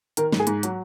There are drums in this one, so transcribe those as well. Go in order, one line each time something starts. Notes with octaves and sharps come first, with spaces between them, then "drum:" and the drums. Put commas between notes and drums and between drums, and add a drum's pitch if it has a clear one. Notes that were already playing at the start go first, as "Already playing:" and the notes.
D#3 A#4, drum: hi-hat
G#2, drum: snare
G#4
G#2, drum: hi-hat
F#3, drum: hi-hat